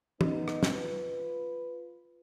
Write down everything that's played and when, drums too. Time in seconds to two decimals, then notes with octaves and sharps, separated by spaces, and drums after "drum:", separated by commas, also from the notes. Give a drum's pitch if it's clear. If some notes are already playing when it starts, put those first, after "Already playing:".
0.21 B3 D#4, drum: tom E3
0.48 drum: rim click
0.63 drum: snare
0.72 F4 B4